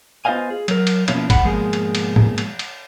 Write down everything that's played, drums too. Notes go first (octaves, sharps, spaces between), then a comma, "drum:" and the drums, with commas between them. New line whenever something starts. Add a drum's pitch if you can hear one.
B3 F4 C5 D#5 F5 G#5
G#4
F#3 A#4, drum: cymbal
drum: cymbal
B2 F3 A#3 C#4 E4 F4, drum: cymbal
F2 F#5 B5, drum: kick, cymbal
G#2 B2 F3 G#3 A#3 G#4
drum: cymbal
drum: cymbal
drum: tom
drum: cymbal
drum: cymbal